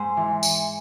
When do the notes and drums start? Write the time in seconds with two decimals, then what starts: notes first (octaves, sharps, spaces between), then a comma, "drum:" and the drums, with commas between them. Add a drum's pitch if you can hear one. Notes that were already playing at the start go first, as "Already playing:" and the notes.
Already playing: G#2 G#4 C5
0.17 E3
0.43 drum: tambourine